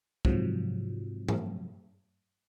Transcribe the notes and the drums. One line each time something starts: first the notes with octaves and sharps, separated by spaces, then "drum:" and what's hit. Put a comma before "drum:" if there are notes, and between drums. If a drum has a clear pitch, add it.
G#2 C3 F3 F#3, drum: kick
drum: tom